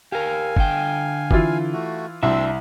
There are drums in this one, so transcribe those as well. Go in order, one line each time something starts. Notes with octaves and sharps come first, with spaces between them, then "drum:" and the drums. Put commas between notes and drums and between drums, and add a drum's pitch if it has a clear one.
G4 A#4 F5 G#5
D3 G5, drum: kick
E3 E4 F4, drum: kick
A3 F#4
C2 C4 D4 E5 C6 E6